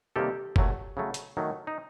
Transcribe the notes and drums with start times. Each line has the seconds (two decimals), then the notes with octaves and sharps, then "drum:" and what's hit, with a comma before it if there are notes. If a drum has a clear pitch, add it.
0.16 C3 D#3 G3 A#3 G4 A4
0.56 A#2 F#3 A3, drum: kick F#1
0.97 C#3 F#3 A3
1.14 drum: hi-hat
1.37 D#3 F#3 A3
1.67 D#4